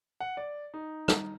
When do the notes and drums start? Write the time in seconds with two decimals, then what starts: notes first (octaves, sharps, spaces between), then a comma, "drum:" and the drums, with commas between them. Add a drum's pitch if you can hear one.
0.20 F#5
0.37 D5
0.74 D#4
1.08 drum: rim click